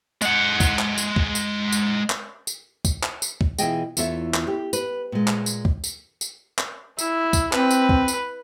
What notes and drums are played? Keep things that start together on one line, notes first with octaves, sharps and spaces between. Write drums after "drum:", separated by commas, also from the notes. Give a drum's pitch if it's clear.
G#3 F#5, drum: tambourine
drum: kick, tambourine
drum: clap
drum: tambourine
drum: kick
drum: tambourine
drum: tambourine
drum: clap
drum: tambourine
drum: kick, tambourine
drum: clap
drum: tambourine
drum: kick
B2 E3 F4 G#4 D#5 G5, drum: tambourine
E2 F4 A4 C#5 E5, drum: tambourine
drum: clap
G4
B4, drum: tambourine
A#2 G#3
drum: clap
drum: tambourine
drum: kick
drum: tambourine
drum: tambourine
drum: clap
E4, drum: tambourine
drum: kick, tambourine
C4 B4, drum: clap
drum: tambourine
drum: kick
drum: tambourine